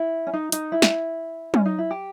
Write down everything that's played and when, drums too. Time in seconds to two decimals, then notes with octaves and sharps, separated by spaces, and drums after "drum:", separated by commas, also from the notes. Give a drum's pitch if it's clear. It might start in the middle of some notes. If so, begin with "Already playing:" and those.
Already playing: E4
0.27 C#4
0.34 D#4
0.52 D#4, drum: hi-hat
0.72 E4
0.82 drum: snare
1.54 C#4, drum: tom
1.66 D#4
1.78 E4
1.91 G4